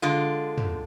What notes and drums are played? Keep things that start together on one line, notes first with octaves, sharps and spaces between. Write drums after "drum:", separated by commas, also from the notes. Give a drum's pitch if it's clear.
D3 G#3 F4
drum: tom